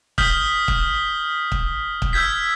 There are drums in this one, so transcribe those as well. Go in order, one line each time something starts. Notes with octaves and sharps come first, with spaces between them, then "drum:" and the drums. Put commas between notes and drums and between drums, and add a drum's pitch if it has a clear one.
D#6 F6 G6 B6 G7, drum: kick
drum: kick
drum: kick
drum: kick
E6 F6 G6 G#6 B6